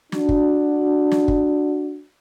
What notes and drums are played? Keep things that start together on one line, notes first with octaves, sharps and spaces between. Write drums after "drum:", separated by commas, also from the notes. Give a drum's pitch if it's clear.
D4 F#4, drum: snare
drum: kick
drum: snare
drum: kick